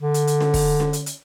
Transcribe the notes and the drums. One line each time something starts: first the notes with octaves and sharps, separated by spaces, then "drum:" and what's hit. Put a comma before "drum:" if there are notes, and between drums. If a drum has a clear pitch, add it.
D3
drum: hi-hat
drum: hi-hat
drum: snare C#4
drum: kick, open hi-hat
drum: snare C#4
drum: hi-hat
drum: hi-hat